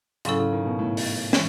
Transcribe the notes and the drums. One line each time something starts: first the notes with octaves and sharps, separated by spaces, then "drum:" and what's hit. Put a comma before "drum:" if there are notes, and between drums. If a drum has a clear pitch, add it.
G#2 C#3 F#3 C#4 E4 A4, drum: hi-hat
C#3
D#3
B2
A2
drum: open hi-hat
E3 G#3 C#4, drum: snare